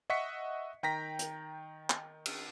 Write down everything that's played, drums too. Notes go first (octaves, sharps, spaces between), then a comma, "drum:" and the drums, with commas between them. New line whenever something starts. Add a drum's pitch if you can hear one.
D#5 E5 F#5 C#6 B6 C#7
D#3 G5 A#5 A#6 B6
drum: hi-hat
drum: clap
drum: cymbal